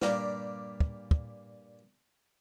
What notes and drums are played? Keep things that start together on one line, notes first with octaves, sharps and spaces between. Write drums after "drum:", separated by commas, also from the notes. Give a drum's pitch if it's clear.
G2 A#2 G4 D5 F5 A#5, drum: snare
drum: kick
drum: kick